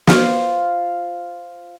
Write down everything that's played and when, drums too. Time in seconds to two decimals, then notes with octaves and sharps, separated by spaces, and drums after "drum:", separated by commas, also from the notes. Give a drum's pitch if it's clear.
0.07 F4 C5 F5, drum: snare